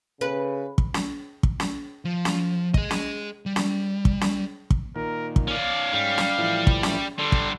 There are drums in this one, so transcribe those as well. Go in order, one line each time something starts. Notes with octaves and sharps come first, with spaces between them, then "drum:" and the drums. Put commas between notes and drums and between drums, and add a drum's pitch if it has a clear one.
C#3 B4
drum: kick
drum: snare
drum: kick
drum: snare
F3
drum: snare
G#4 D#5, drum: kick
drum: snare
G3
drum: snare
drum: kick
drum: snare
drum: kick
A#2 D#3 A#4
drum: kick
C#4 D5 F5
G#2 G3 C#4
drum: snare
A2 E3 F3
drum: kick
drum: snare
D3 G3 D4 A4 C6
drum: kick